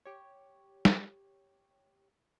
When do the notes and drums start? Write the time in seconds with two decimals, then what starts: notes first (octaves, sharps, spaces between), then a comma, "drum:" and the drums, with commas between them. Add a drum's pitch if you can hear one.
0.05 G4 C#5
0.85 drum: snare